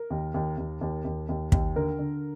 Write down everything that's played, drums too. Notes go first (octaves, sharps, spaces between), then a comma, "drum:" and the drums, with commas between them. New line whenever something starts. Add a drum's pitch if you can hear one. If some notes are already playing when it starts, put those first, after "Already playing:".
Already playing: A#4
D#2
D#2
D#2
D#2
D#2
D#2
D#2, drum: kick
D3 A#4
D3